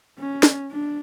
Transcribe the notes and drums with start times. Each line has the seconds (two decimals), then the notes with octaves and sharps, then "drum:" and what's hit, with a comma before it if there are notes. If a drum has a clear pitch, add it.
0.19 C#4
0.43 drum: snare
0.72 D4